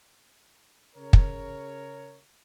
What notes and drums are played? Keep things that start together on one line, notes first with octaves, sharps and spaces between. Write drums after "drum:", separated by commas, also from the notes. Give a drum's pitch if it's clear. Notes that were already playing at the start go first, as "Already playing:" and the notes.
C#3 A#4 C#5
drum: kick